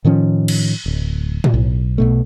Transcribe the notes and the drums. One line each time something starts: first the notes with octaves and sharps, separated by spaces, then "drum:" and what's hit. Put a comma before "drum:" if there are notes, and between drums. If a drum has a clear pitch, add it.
A2 D#3 F3 C#4
drum: cymbal
D1
drum: tom A2
B1
B1 B2 A3